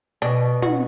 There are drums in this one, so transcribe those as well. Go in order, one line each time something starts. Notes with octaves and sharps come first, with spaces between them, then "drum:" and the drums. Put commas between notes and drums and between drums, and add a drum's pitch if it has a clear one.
B2 D4
F#4, drum: tom